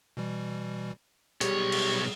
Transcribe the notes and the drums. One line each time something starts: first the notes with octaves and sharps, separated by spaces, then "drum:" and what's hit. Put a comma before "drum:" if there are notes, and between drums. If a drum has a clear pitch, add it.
B2 E3 G3
B1 G3 G4 G#4 C#5, drum: hi-hat
drum: cymbal